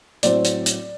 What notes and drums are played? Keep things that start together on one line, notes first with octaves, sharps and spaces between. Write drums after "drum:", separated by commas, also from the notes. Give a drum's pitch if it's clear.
A2 F#3 C4 D5, drum: hi-hat
drum: hi-hat
drum: hi-hat